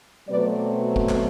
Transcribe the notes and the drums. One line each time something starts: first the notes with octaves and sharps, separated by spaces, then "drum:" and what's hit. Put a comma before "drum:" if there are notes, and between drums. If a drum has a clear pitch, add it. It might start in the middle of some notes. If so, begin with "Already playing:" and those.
B2 F#3 A3 C4 B4 D5
drum: kick G1
drum: clap